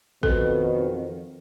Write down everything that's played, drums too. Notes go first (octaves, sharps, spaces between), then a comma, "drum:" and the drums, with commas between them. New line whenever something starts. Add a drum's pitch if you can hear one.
F2 B2 D#3 A4, drum: kick